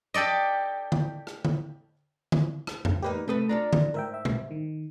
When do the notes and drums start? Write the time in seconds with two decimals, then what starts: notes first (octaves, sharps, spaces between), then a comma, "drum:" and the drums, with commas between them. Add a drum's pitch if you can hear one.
0.14 G4 A4 D5 D#5
0.92 drum: tom D3
1.27 drum: rim click
1.45 drum: tom D3
2.32 drum: tom D3
2.67 drum: rim click
2.85 drum: tom F2
3.02 E2 A#3 D#4 G4 B4
3.28 C3 A3 A4 B4 D#6
3.49 D4 F4 A4 A#5
3.73 drum: tom D3
3.94 G#2 A#4 E5 G5
4.14 E5
4.25 drum: tom A#2
4.51 D#3